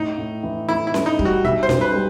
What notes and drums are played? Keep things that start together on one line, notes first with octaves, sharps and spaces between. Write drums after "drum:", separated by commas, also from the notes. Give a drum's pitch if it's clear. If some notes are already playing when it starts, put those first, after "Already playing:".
Already playing: A2 D#4
A2
E3
E3 E4
E4
E3, drum: snare C#4
D#4
G3, drum: kick
F#4
B1 E5
C5
B1, drum: snare C#4
B4
G3